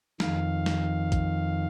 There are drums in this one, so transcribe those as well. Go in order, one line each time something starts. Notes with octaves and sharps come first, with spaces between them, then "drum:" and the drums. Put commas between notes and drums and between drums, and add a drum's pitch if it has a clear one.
F2 D#3 F5, drum: snare
drum: snare
drum: kick, hi-hat